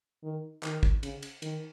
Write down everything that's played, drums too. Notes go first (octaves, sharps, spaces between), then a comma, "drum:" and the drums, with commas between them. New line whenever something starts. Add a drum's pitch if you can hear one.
D#3
D#3, drum: clap
drum: kick
C#3, drum: cymbal
drum: cymbal
D#3, drum: cymbal